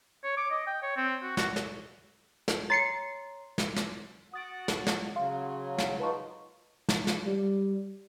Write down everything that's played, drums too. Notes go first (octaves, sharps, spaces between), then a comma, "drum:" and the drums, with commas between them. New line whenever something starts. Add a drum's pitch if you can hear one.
C#5
D6
D#5
G5
C#5
C4
F#4
F#4, drum: snare
drum: snare
drum: snare
C#5 A#5 C6 A6 C7 C#7
drum: snare
drum: snare
F#4 F#5 D#6 A6 D7
drum: snare
drum: snare
C#3 F#3 F5 C6
drum: snare
D#4 F4 B4 A5 C#6
drum: snare
drum: snare
G3